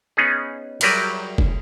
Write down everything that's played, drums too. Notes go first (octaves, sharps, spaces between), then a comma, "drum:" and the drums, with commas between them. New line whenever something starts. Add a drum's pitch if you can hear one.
B3 C#4 D#4 G#4
F#3 G3 A#4 B4 D5 E5, drum: cymbal
drum: kick F1